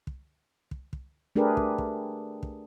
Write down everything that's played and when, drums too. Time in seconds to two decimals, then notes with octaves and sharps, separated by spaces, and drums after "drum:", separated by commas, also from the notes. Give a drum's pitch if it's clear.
0.07 drum: kick
0.71 drum: kick
0.93 drum: kick
1.36 A3 D4 G4 G#4 A#4 B4
1.57 drum: kick
1.78 drum: kick
2.43 drum: kick